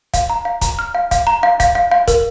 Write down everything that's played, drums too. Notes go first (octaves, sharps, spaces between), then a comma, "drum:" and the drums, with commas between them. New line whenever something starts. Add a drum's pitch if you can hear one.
F5, drum: kick, hi-hat
A#5
F5
A#5, drum: kick, hi-hat
F6
F5
F5, drum: kick, hi-hat
A#5
F5
F5, drum: kick, hi-hat
F5
F5
A#4, drum: kick, hi-hat